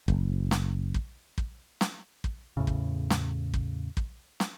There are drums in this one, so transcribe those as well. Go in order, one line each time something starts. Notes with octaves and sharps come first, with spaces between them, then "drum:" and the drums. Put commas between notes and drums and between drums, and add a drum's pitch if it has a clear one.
F#1, drum: kick
drum: snare
drum: kick
drum: kick
drum: snare
drum: kick
E2 A2 C#3
drum: kick
drum: snare
drum: kick
drum: kick
drum: snare